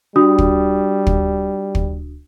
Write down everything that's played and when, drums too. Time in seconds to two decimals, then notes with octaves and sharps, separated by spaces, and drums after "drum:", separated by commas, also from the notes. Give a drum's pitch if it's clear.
0.16 G3 D4 F#4 D#6
0.38 drum: kick
1.07 drum: kick
1.75 drum: kick